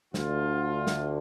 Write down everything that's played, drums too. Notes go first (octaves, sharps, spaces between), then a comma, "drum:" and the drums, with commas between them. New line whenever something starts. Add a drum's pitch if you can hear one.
D2 D3 F4, drum: snare
drum: snare